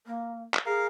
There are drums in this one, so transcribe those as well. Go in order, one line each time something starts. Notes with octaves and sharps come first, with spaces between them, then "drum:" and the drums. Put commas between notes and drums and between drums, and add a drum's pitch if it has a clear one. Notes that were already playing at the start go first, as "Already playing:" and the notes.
A#3
drum: clap
G#4 A#4 F5